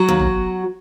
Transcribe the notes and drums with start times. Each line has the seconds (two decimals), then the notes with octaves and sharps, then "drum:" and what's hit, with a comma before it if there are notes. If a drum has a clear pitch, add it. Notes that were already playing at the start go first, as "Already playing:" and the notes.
Already playing: F#3 F#4
0.09 D#2
0.20 drum: tom